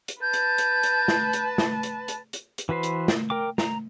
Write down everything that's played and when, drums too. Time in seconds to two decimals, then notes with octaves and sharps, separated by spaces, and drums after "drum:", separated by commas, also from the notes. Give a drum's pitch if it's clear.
0.08 drum: hi-hat
0.22 B4 A5 G6
0.33 drum: hi-hat
0.58 drum: hi-hat
0.83 drum: hi-hat
1.08 drum: snare
1.33 drum: hi-hat
1.58 drum: snare
1.83 drum: hi-hat
2.08 drum: hi-hat
2.33 drum: hi-hat
2.58 drum: hi-hat
2.69 E3 F#4 B4 C5
2.83 drum: hi-hat
3.08 drum: snare
3.30 A#4 G5 D6
3.58 A#5, drum: snare